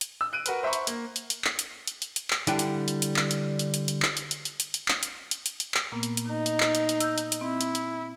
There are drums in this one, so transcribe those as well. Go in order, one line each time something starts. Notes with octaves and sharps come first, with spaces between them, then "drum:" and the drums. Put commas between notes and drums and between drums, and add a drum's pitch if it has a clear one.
drum: hi-hat
E6
F#6 D7 D#7
F#4 A#4 B4, drum: hi-hat
C5 E5 A#5 B5 C#6
drum: hi-hat
A#3, drum: hi-hat
drum: hi-hat
drum: hi-hat
drum: clap
drum: hi-hat
drum: hi-hat
drum: hi-hat
drum: hi-hat
drum: clap
D3 G3 D4 E4 G5 G#5, drum: hi-hat
drum: hi-hat
drum: hi-hat
drum: hi-hat
drum: clap
drum: hi-hat
drum: hi-hat
drum: hi-hat
drum: hi-hat
drum: clap
drum: hi-hat
drum: hi-hat
drum: hi-hat
drum: hi-hat
drum: hi-hat
drum: clap
drum: hi-hat
drum: hi-hat
drum: hi-hat
drum: hi-hat
drum: clap
A#2 A#3 B3
drum: hi-hat
drum: hi-hat
D#4
drum: hi-hat
drum: clap
drum: hi-hat
drum: hi-hat
E6 G6, drum: hi-hat
drum: hi-hat
drum: hi-hat
C4 E4
drum: hi-hat
drum: hi-hat